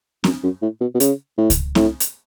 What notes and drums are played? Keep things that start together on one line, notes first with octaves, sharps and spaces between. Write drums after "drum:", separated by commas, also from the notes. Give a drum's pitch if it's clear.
F#2, drum: snare
F#2
A2
B2
B2
C#3, drum: hi-hat
A2
drum: kick C#2, hi-hat
A2, drum: snare
drum: hi-hat